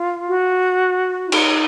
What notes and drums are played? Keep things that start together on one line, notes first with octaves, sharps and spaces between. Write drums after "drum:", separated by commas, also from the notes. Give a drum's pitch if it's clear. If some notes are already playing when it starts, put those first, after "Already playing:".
Already playing: F4
F#4
F4
D#4, drum: cymbal